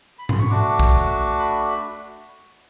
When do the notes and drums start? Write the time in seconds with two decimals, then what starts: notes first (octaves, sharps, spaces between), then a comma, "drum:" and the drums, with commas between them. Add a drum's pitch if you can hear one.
0.19 B5
0.29 C6, drum: tom G#2
0.39 C#6
0.50 A3 D4 F#4 D6
0.80 drum: kick
1.39 B5